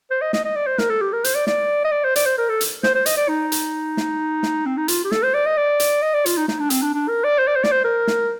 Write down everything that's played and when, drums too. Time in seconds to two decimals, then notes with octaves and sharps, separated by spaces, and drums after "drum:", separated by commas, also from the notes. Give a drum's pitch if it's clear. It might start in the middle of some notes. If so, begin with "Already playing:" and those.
0.11 C5
0.21 D#5
0.33 D#5, drum: snare
0.45 D#5
0.56 D5
0.66 C5
0.78 A#4, drum: snare
0.89 A4
1.01 G4
1.13 A#4
1.24 C5, drum: hi-hat
1.35 D5
1.47 D5, drum: snare
1.85 D#5
1.92 D5
2.04 C5
2.16 D5, drum: hi-hat
2.26 C5
2.38 A#4
2.49 A4
2.61 drum: hi-hat
2.83 C5, drum: snare
2.95 C5
3.06 D#5, drum: hi-hat
3.17 D5
3.28 D#4
3.52 drum: hi-hat
3.97 drum: snare
4.43 drum: snare
4.66 C4
4.77 D#4
4.88 F4, drum: hi-hat
5.04 G4
5.12 A4, drum: snare
5.23 C5
5.34 D5
5.46 D#5
5.57 D5
5.80 drum: hi-hat
6.02 D#5
6.14 D5
6.26 F4, drum: hi-hat
6.37 D#4
6.48 D#4, drum: snare
6.60 D4
6.70 C4, drum: hi-hat
6.82 D4
6.94 D4
7.09 A#4
7.24 D5
7.39 C5
7.47 D5
7.56 C5
7.64 D5, drum: snare
7.72 C5
7.84 A#4
8.07 drum: snare